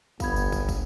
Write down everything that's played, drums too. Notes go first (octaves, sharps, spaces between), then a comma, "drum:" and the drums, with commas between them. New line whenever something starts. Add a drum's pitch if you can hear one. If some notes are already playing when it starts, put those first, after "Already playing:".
G1 B3 F5 B5 G#6, drum: kick, tambourine
drum: tambourine
drum: kick, tambourine
drum: kick, tambourine